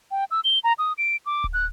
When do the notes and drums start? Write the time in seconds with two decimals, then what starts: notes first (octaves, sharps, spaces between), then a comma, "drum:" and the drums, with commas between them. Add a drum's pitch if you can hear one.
0.11 G5
0.31 E6
0.44 G7
0.64 A#5
0.78 D#6
0.98 D7
1.26 D6
1.44 drum: kick D1
1.54 F#6